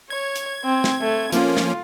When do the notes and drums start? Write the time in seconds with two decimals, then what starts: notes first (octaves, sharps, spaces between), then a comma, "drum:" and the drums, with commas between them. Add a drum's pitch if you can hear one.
0.10 C#5 G#6
0.36 drum: hi-hat
0.64 C4
0.84 drum: snare
1.01 A3
1.32 F3 A#3 C#4 F4, drum: hi-hat
1.57 drum: snare